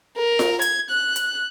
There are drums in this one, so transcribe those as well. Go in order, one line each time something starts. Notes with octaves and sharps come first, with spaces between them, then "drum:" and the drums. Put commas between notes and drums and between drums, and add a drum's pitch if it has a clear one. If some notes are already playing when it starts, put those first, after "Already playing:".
A#4
drum: snare F4
G#6, drum: hi-hat
F#6
drum: hi-hat